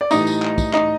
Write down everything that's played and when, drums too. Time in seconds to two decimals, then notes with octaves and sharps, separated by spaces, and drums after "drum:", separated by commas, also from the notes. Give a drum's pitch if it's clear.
0.01 D5
0.11 A2 E3 G3 D#4 D#5, drum: tambourine
0.27 drum: tambourine
0.42 drum: clap
0.58 drum: kick, tambourine
0.73 D#4 D#5, drum: clap